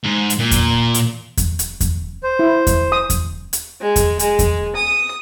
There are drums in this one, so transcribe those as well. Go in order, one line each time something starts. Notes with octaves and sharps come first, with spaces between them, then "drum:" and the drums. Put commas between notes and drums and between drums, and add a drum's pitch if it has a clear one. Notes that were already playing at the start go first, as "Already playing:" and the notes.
G#2
drum: hi-hat
A#2
drum: kick E2, hi-hat
drum: hi-hat
drum: kick E2, hi-hat
drum: hi-hat
drum: kick E2, hi-hat
C5
E4
drum: kick E2, hi-hat
D#6
drum: kick E2, hi-hat
drum: hi-hat
G#3
drum: kick E2, hi-hat
G#3, drum: hi-hat
drum: kick E2, hi-hat
D#6